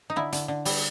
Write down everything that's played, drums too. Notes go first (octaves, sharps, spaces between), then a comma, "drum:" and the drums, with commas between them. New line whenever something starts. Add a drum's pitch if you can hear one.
D#4
D3 E4
D3, drum: hi-hat
D3
G3, drum: open hi-hat